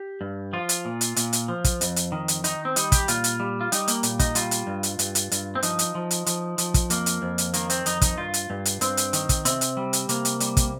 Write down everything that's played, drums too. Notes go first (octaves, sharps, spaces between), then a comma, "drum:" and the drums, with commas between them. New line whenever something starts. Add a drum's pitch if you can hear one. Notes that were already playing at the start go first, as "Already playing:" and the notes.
Already playing: G4
G2
F3 F4
drum: hi-hat
A#2
drum: hi-hat
A#2, drum: hi-hat
drum: hi-hat
F3
drum: kick, hi-hat
F2, drum: hi-hat
drum: hi-hat
D#3
drum: hi-hat
D#3 D#4, drum: hi-hat
C4
G3 D#4, drum: hi-hat
G4, drum: kick, hi-hat
A#2 F4, drum: hi-hat
drum: hi-hat
G3
F4
G3 D#4, drum: hi-hat
A#3, drum: hi-hat
A#2, drum: hi-hat
D#4, drum: kick, hi-hat
G3 F4, drum: hi-hat
drum: hi-hat
G2
drum: hi-hat
G2, drum: hi-hat
drum: hi-hat
G2, drum: hi-hat
C4
F3 D#4, drum: hi-hat
drum: hi-hat
F3
drum: hi-hat
F3, drum: hi-hat
F3, drum: hi-hat
drum: kick, hi-hat
F2 A#3, drum: hi-hat
drum: hi-hat
F2
drum: hi-hat
D#3 A#3, drum: hi-hat
C4, drum: hi-hat
F2 D#4, drum: hi-hat
D#4, drum: kick, hi-hat
G2 F4
drum: hi-hat
G2
drum: hi-hat
G2 C4, drum: hi-hat
drum: hi-hat
D#3, drum: hi-hat
drum: kick, hi-hat
C3 C4, drum: hi-hat
drum: hi-hat
G3
drum: hi-hat
C3 A#3, drum: hi-hat
drum: hi-hat
G3, drum: hi-hat
drum: kick, hi-hat